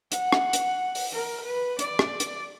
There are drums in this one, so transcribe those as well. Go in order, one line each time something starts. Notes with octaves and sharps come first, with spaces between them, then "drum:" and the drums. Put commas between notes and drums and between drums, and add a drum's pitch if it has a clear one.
F#5, drum: hi-hat
drum: rim click
drum: hi-hat
drum: open hi-hat
A#4
B4
D5, drum: hi-hat
drum: rim click
drum: hi-hat